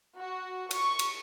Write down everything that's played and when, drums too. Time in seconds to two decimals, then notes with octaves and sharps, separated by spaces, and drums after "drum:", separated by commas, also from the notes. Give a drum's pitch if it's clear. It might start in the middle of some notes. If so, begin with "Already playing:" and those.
0.18 F#4
0.71 C#6, drum: cymbal
0.99 drum: cymbal